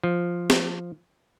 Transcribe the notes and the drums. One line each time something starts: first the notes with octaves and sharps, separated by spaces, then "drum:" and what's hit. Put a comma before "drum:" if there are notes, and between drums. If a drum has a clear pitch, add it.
F3
drum: snare